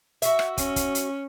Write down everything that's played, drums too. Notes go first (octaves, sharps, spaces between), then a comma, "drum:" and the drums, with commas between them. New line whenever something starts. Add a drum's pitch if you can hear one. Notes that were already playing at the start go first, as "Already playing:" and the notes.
F#4 E5, drum: hi-hat
drum: rim click
C#4, drum: kick, hi-hat
drum: kick, hi-hat
drum: hi-hat